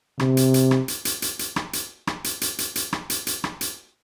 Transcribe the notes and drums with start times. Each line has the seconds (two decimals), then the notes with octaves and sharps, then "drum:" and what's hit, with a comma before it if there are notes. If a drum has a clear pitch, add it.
0.20 C3, drum: rim click
0.37 drum: hi-hat
0.54 drum: hi-hat
0.71 drum: rim click
0.88 drum: hi-hat
1.05 drum: hi-hat
1.22 drum: hi-hat
1.39 drum: hi-hat
1.56 drum: rim click
1.73 drum: hi-hat
2.07 drum: rim click
2.24 drum: hi-hat
2.41 drum: hi-hat
2.58 drum: hi-hat
2.76 drum: hi-hat
2.93 drum: rim click
3.10 drum: hi-hat
3.27 drum: hi-hat
3.44 drum: rim click
3.61 drum: hi-hat